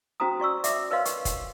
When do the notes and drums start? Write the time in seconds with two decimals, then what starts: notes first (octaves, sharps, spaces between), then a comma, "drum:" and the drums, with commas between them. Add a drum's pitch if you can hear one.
0.20 C#4 F#4 C5 A#5 D#6
0.40 F#4 D5 C#6 E6
0.64 D5 E5 D6, drum: hi-hat
0.91 A#4 B4 C#5 D#5 F5 C6
1.05 C#6, drum: hi-hat
1.25 drum: kick, hi-hat